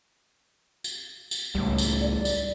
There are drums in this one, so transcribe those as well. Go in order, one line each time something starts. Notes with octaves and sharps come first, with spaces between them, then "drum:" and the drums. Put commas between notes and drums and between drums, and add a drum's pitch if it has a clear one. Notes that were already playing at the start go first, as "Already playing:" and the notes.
drum: tambourine
drum: tambourine
C#2 A2 G3
drum: tambourine
D5
drum: tambourine